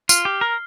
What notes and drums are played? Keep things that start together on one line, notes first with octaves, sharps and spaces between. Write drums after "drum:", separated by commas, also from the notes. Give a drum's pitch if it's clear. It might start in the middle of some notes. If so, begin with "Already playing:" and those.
F4 F6 C7 G7, drum: tambourine
G4
A#4